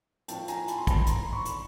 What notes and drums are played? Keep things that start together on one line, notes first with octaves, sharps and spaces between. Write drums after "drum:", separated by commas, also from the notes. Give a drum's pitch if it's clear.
A2 F3 G5 A5, drum: hi-hat
G#5 A#5, drum: hi-hat
A5 B5, drum: hi-hat
C6
A5 B5, drum: kick, hi-hat
A#5 C6, drum: hi-hat
B5 C#6
drum: hi-hat